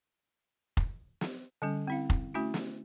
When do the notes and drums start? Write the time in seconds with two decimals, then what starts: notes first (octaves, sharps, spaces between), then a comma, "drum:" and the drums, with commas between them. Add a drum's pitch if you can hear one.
0.77 drum: kick F1
1.21 drum: snare
1.62 D3 G3 C#4
1.87 C4 E4 F5
2.10 drum: kick F1
2.34 A3 C#4 E4 F#4
2.54 drum: snare